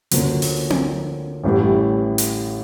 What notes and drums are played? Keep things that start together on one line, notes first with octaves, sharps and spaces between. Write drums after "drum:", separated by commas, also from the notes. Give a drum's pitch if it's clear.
D2 D3 F3 A#3 C#4, drum: hi-hat
drum: open hi-hat
drum: tom C4
A1 A2 E3 G3
drum: hi-hat